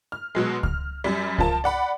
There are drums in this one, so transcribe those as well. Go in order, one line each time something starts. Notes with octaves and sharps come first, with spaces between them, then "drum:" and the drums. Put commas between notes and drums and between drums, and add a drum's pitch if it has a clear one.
F6
B2 F#3 G#3
F6, drum: kick C#2
F#2 G3
F3 F4 A#4 A5, drum: kick C#2
D5 F#5 B5